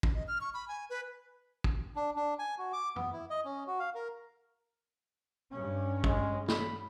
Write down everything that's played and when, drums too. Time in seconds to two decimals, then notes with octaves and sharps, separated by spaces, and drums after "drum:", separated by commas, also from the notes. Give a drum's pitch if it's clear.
0.03 drum: kick
0.15 D#5
0.28 F6
0.41 C#6
0.54 B5
0.68 G#5
0.90 B4
1.64 drum: kick
1.96 D4
2.16 D4
2.39 G#5
2.58 F#4
2.73 D6
2.96 B3, drum: tom F#2
3.13 E4
3.30 D#5
3.45 C#4
3.67 F#4
3.80 F5
3.95 A#4
5.51 G2 C#4
6.04 G#3, drum: kick
6.48 B5, drum: snare